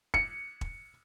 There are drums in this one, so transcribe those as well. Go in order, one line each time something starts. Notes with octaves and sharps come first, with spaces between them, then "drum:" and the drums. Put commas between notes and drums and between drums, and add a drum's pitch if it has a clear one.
C#7, drum: kick E1
drum: kick E1